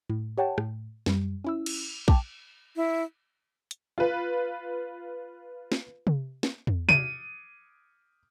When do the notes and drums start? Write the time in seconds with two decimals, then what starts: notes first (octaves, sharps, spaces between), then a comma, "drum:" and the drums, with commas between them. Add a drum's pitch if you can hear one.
0.09 A2
0.38 G4 C#5 F#5 G5 A5
0.58 A2, drum: rim click
1.06 F#2 G3, drum: snare
1.44 C#4 E4 E6
1.66 drum: cymbal
2.08 G5 A5 D6, drum: kick
2.76 E4
3.71 drum: hi-hat
3.98 F4 B4
5.72 drum: snare
6.07 drum: tom C3
6.43 drum: snare
6.67 drum: tom
6.89 D#7, drum: tom C3